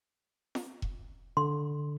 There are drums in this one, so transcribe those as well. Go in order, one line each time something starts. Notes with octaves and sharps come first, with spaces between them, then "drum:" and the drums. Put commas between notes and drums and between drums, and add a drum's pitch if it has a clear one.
drum: snare
drum: kick E1
D3 C6